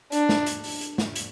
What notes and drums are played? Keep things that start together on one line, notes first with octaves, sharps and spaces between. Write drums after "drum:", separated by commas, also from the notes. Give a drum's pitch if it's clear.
D4, drum: hi-hat
drum: snare
drum: hi-hat
drum: open hi-hat
drum: hi-hat
drum: snare
drum: hi-hat